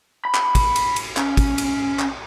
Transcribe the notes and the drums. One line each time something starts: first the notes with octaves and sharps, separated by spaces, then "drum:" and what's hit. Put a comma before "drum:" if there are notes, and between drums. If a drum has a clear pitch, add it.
B5
drum: clap
drum: kick, cymbal
drum: cymbal
drum: cymbal
C#4, drum: clap
drum: kick, cymbal
drum: cymbal
drum: clap